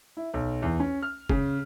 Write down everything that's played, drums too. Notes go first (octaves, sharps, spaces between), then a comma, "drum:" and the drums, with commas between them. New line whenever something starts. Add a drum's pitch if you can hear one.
E4
B1
E2
C#4
F6
C#3, drum: kick